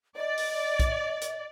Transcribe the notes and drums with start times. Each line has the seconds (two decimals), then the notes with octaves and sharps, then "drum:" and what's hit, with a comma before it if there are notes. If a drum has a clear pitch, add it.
0.17 D5 D#5
0.38 drum: open hi-hat
0.79 drum: kick B1, hi-hat
1.21 drum: hi-hat